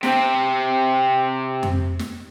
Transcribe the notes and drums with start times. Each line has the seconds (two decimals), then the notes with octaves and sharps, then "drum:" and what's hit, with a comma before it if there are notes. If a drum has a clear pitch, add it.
0.03 C3 C4, drum: snare
1.63 drum: tom F2
1.99 drum: snare